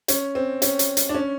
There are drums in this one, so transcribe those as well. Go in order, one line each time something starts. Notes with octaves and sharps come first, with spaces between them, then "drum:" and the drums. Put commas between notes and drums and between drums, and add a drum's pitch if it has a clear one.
C#4, drum: hi-hat
C4
C#4, drum: hi-hat
drum: hi-hat
drum: hi-hat
D4
C#4